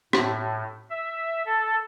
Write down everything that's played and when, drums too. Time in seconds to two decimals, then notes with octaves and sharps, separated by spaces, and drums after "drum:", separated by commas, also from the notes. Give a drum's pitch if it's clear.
0.13 A2, drum: rim click
0.90 E5
1.46 A4